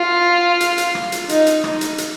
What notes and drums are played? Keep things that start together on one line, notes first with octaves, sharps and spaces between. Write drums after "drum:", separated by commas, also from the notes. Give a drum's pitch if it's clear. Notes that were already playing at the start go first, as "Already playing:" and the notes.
Already playing: F4
drum: hi-hat
drum: hi-hat
drum: rim click
drum: hi-hat
D#4, drum: hi-hat
drum: hi-hat
drum: rim click
drum: hi-hat
drum: hi-hat